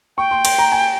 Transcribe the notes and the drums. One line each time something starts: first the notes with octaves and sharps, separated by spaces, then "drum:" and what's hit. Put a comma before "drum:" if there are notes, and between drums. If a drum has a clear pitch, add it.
G5 C#6
C6
C6, drum: cymbal
A#5
G#5